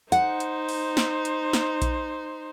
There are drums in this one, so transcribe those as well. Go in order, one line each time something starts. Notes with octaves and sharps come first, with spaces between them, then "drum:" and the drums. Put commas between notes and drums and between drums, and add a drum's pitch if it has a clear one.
D#4 C5 F#5, drum: hi-hat
drum: hi-hat
drum: open hi-hat
drum: snare
drum: hi-hat
drum: snare
drum: kick A#1, hi-hat